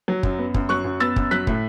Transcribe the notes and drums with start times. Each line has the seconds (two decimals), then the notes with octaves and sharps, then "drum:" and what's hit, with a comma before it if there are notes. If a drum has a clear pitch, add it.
0.08 F#3
0.23 F#2, drum: kick
0.39 B3
0.54 F#2, drum: kick
0.69 F#3 C#6 F#6
0.85 F#2
1.00 B3 E6 A6
1.16 F#2, drum: kick
1.31 F#3 F#6 B6
1.47 A2, drum: kick